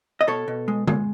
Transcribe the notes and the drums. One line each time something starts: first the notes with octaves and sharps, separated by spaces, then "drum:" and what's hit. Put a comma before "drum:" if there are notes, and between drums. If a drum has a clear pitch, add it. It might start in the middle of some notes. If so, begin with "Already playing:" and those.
D#5
B2 A4 C#5
B2
G#3
G#3, drum: tom D3